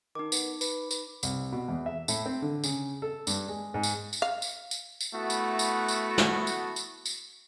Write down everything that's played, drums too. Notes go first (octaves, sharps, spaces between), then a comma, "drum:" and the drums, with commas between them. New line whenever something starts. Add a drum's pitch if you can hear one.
D#3 D#4 D6
B3, drum: tambourine
B4, drum: tambourine
B4, drum: tambourine
C2, drum: tambourine
B2
E2
E5
A2, drum: tambourine
C4
D3
C#3, drum: tambourine
A4
G2, drum: tambourine
G#3
G#2
drum: tambourine
drum: tambourine
F5
drum: tambourine
drum: tambourine
drum: tambourine
A3 B3 E4 F#4
drum: tambourine
drum: tambourine
drum: tambourine
drum: snare
drum: tambourine
drum: tambourine
drum: tambourine